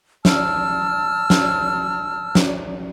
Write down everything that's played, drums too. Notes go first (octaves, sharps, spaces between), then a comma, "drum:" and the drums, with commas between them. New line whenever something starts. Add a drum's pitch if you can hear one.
A5 E6 F6, drum: snare
drum: snare
drum: snare